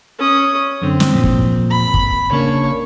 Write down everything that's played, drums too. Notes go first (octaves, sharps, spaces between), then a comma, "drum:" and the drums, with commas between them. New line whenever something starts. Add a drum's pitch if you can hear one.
C#4 D#6
F#2 D3 C4
drum: snare
F2 A#2
drum: kick
B5
drum: kick
C#3 A#3 D4 C#5